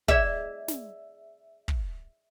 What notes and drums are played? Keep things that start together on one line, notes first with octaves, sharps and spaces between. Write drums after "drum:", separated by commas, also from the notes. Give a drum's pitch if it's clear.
G#4 D5 E5, drum: kick
drum: snare
drum: kick